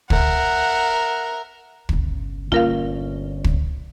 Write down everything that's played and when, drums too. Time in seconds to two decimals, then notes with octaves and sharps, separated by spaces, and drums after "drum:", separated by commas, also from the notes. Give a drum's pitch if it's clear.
0.10 A#4 E5 F#5, drum: kick
1.89 G1 C#3, drum: kick
2.52 G1 A#2 A#3 C#4 F4 A#4 F5
3.44 drum: kick